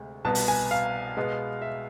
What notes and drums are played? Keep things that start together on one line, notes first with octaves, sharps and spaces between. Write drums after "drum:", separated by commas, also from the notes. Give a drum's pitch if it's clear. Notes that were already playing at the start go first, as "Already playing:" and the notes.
Already playing: D2 C3 G#3
C2 B2 B3 A5
drum: open hi-hat
G#5
F5
B2 G#3 B3
E5